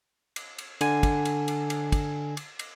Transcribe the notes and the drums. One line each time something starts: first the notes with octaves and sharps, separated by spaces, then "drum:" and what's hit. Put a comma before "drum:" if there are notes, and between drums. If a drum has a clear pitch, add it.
drum: cymbal
drum: cymbal
D3 G#5, drum: cymbal
drum: kick, cymbal
drum: cymbal
drum: cymbal
drum: cymbal
drum: kick, cymbal
drum: cymbal
drum: cymbal